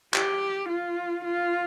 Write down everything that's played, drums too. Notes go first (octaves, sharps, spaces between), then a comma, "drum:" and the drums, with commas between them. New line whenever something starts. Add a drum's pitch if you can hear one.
G4, drum: clap
F4
F4